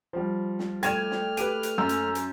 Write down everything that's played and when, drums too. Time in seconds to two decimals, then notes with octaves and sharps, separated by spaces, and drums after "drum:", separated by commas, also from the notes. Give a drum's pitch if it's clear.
0.13 F3 G3
0.59 drum: snare
0.83 A3 D5 G5 F6 G#6 D#7 E7, drum: hi-hat
1.11 drum: snare
1.37 G4 B4 D7 D#7, drum: hi-hat
1.63 drum: hi-hat
1.78 F#2 A#5 E6 G6
1.89 drum: hi-hat
2.15 drum: hi-hat